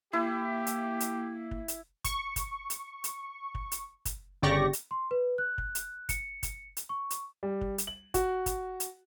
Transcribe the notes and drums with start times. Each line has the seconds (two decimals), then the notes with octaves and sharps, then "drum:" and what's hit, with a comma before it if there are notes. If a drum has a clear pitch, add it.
0.13 A#3 E4 G4
0.67 drum: hi-hat
1.00 drum: hi-hat
1.51 drum: kick
1.68 drum: hi-hat
2.05 C#6, drum: kick, hi-hat
2.36 drum: kick, hi-hat
2.70 drum: hi-hat
3.04 drum: hi-hat
3.55 drum: kick
3.72 drum: hi-hat
4.05 drum: kick, hi-hat
4.42 G1 C#3 G4 D5 C#6 A#6
4.73 drum: hi-hat
4.91 C6
5.11 B4
5.38 F#6
5.58 drum: kick
5.75 drum: hi-hat
6.09 C#7, drum: kick, hi-hat
6.43 drum: kick, hi-hat
6.77 drum: hi-hat
6.89 C#6
7.10 drum: hi-hat
7.43 G3
7.61 drum: kick
7.78 drum: hi-hat
7.87 F#7
8.14 F#4, drum: kick, hi-hat
8.46 drum: kick, hi-hat
8.80 drum: hi-hat